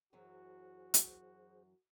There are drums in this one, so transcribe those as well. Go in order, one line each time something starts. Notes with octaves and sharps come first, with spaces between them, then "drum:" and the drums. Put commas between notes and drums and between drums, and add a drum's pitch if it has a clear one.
F#2 E3 F#3 F#4 G#4 C5
drum: hi-hat